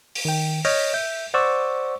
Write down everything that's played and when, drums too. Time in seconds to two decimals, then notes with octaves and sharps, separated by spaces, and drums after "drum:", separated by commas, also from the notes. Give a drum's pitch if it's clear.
0.15 drum: open hi-hat
0.25 D#3 G5
0.65 C#5 D#5 F6 G6 A#6, drum: open hi-hat
0.93 E5 G6
1.34 C5 D5 F#5 C#6 E6